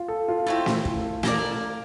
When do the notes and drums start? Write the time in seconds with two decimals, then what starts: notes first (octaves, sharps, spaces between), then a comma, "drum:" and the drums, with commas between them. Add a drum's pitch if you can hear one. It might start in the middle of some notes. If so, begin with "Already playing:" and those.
Already playing: F4
0.08 A4
0.28 F4
0.46 A3 C4 E4 G4
0.66 drum: snare
0.85 drum: kick
1.23 A#3 F4 A#4 D5, drum: snare